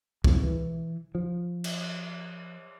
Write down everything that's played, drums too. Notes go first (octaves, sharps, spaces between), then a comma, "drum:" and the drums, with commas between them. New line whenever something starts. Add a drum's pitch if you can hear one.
D1 C2 F3 G#3, drum: kick
E3
F3
drum: cymbal